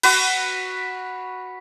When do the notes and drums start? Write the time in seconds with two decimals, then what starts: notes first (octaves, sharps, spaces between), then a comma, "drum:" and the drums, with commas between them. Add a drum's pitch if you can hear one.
0.03 F#4 B4, drum: cymbal